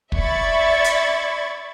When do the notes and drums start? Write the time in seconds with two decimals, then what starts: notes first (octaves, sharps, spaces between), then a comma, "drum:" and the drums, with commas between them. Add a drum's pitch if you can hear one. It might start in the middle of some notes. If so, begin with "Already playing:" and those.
0.12 D5 E5 B5 C#6 G#6 A6, drum: kick
0.84 drum: hi-hat